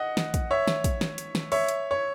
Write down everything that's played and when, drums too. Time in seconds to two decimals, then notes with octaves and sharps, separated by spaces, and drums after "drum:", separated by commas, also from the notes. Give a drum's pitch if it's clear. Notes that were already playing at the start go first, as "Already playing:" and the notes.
Already playing: D#5 F#5
0.17 drum: snare
0.34 drum: kick, hi-hat
0.51 C#5 E5
0.68 drum: snare
0.84 drum: kick, hi-hat
1.01 drum: snare
1.18 drum: hi-hat
1.35 drum: snare
1.52 C#5 E5, drum: open hi-hat
1.68 drum: hi-hat
1.91 C#5